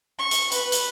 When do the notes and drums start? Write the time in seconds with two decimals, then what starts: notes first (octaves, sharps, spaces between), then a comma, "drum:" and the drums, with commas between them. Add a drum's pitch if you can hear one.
0.17 C#6
0.31 drum: hi-hat
0.52 B4, drum: hi-hat
0.72 drum: hi-hat